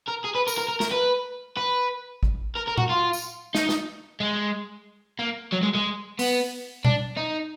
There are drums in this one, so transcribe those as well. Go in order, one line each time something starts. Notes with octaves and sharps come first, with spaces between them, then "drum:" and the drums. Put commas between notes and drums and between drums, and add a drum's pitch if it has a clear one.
A#4
G#4
B4
A#4, drum: tambourine
A#4
A#4
A#4, drum: snare
B4
B4
drum: kick
A#4
A#4
F#4, drum: tom A#2
F4
drum: tambourine
D#4, drum: snare
drum: snare
G#3
A#3
F#3
G#3
G#3
B3, drum: open hi-hat
D4, drum: tom B2
D#4